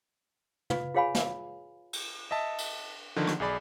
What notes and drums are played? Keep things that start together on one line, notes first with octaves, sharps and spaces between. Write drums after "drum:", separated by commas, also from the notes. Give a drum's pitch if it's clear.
F4 B4 F5, drum: tom
F4 G#4 C#5 F5 G#5 B5
drum: snare
drum: cymbal
D#5 E5 A5
drum: cymbal
D3 D#3 F3
drum: rim click
B1 G#4 D5 B5